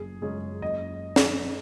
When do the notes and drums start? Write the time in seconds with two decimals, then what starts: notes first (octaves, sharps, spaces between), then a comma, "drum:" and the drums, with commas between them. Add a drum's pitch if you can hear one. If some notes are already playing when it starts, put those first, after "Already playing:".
Already playing: F#1 G#4
0.22 F#2 C#3 G#3 C#4 G#4
0.62 F#1 D#5
1.16 drum: snare